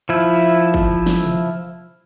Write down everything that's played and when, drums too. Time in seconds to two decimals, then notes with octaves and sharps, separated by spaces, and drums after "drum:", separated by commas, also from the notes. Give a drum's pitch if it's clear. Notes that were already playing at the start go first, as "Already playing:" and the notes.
0.09 F3 E4
0.74 drum: kick
1.06 drum: snare
1.23 drum: tom